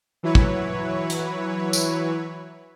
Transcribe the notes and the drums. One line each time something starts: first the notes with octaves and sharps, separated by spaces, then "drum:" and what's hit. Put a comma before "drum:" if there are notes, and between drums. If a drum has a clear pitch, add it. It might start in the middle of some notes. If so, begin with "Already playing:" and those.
E3 F#3 E4 B4 C#5
drum: kick
drum: hi-hat
drum: tambourine